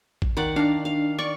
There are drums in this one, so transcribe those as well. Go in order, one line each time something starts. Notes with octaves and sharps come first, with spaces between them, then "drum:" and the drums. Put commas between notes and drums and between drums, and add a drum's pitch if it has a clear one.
drum: kick
D#3 D5 F#5
D4 F5 A#5
F5
D5 C#6